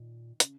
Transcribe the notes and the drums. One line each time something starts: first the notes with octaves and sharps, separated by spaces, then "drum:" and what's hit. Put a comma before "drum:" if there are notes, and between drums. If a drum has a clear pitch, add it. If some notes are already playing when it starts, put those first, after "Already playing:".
Already playing: A#2 D#3
C#3, drum: hi-hat